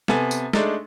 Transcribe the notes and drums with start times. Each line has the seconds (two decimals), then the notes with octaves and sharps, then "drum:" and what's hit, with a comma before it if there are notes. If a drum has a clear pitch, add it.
0.08 C3 B3 A4 G#5, drum: snare
0.31 drum: tambourine
0.53 G#3 A3 D4 D#4 A4, drum: snare